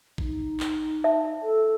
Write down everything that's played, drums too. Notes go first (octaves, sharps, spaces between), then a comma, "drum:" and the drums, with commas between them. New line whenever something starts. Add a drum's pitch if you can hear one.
D#4, drum: kick A1
drum: clap
E5 A5
A4